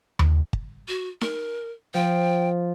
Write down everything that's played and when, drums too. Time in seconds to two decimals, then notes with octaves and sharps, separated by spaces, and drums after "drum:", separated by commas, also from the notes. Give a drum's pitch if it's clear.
0.19 drum: tom D#2
0.53 drum: kick
0.88 F#4
1.21 A#4, drum: snare D#4
1.94 F3 G5